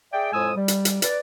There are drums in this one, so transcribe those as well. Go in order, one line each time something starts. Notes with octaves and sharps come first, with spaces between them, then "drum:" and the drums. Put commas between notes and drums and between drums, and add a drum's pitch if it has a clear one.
G#4 D5 E5 G5
F2 A2 G#3 G#5 D#6 E6
G3
drum: hi-hat
drum: hi-hat
B4 D5, drum: hi-hat